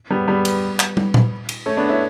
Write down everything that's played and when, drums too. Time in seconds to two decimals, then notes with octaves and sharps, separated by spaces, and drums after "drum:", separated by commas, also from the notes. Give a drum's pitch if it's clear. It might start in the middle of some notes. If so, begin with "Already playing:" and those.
0.10 G3 B3
0.27 G3 B3
0.45 drum: cymbal
0.80 drum: clap
0.97 drum: tom
1.14 drum: tom A#2
1.49 drum: cymbal
1.66 A3 C#4
1.77 B3 D4
1.89 C#4 E4